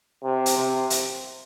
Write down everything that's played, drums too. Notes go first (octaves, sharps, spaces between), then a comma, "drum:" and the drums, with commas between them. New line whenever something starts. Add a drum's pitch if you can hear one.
C3
drum: hi-hat
C3
drum: hi-hat